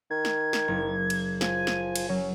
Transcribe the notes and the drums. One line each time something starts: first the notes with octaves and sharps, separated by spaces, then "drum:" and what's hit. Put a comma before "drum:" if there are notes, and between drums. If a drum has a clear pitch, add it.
D#3 G#6
drum: snare
drum: snare
F#1
drum: cymbal
F3 G#5, drum: snare
drum: snare
drum: cymbal
F#3 C#4